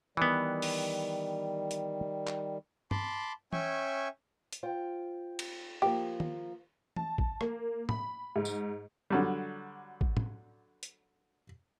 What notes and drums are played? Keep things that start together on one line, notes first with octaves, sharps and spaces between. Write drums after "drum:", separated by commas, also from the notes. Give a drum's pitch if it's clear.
D#3 E3 G3 B3
drum: open hi-hat
drum: hi-hat
drum: clap
A5 B5 C6 D6, drum: tom G2
C#4 E5 G5 G#5 C#6, drum: tom E3
drum: hi-hat
F4 C5 G5
drum: cymbal
F3 A#3 G4
drum: tom D#3
A5, drum: tom E3
drum: kick
A#3, drum: rim click
B5, drum: tom
G#2
drum: tambourine
D3 F#3 G3
drum: kick
drum: tom
drum: hi-hat